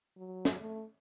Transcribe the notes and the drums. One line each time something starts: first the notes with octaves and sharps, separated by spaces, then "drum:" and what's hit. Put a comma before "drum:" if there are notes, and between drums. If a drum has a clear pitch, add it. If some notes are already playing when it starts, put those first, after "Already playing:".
F#3
drum: snare
A3